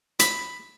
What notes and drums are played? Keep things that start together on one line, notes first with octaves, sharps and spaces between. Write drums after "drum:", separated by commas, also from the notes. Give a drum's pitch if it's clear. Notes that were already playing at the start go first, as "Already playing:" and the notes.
B5, drum: hi-hat